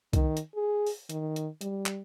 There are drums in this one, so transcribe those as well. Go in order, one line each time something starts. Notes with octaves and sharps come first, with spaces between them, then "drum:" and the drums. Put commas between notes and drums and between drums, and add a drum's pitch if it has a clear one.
D#3, drum: kick C2, hi-hat
drum: hi-hat
G#4
drum: open hi-hat
D#3, drum: hi-hat
drum: hi-hat
G3, drum: hi-hat
drum: clap